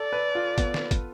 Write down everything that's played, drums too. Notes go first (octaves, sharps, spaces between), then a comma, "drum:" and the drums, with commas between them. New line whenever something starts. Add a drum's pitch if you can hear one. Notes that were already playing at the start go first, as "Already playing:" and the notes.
Already playing: A4 D5
B4
F4
B3, drum: kick, hi-hat
drum: snare
drum: kick, hi-hat